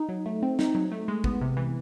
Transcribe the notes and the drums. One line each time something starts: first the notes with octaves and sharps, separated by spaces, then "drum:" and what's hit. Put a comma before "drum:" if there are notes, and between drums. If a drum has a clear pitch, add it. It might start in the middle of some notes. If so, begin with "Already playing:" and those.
Already playing: D#4
F#3
A3
C4
D#4, drum: snare
F#3
A3
G#3
B3, drum: kick G#1
C3
E3